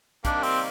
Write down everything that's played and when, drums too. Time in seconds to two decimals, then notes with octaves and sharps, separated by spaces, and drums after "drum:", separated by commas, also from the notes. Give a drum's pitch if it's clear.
0.25 C3 D#3 G3 A#3 D4, drum: kick, hi-hat
0.43 C4, drum: open hi-hat